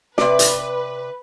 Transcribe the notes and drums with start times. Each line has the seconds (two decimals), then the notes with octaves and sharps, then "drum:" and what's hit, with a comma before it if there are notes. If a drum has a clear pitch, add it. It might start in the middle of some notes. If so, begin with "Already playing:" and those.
0.18 C3 B4 D5, drum: snare
0.39 drum: hi-hat